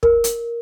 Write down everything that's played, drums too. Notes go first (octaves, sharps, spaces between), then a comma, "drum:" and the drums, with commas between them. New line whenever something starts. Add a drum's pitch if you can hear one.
A#4, drum: kick
drum: hi-hat